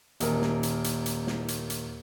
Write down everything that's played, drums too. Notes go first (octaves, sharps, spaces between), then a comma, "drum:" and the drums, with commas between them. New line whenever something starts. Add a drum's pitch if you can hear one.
D#1 A#4, drum: hi-hat
drum: snare
drum: hi-hat
drum: hi-hat
drum: hi-hat
drum: snare
drum: hi-hat
drum: hi-hat